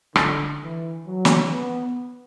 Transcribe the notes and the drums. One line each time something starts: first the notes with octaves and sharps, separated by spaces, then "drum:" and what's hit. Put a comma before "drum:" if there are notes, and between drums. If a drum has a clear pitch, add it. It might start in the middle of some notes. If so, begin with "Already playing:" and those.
D3, drum: rim click
E3
F#3
drum: snare
B3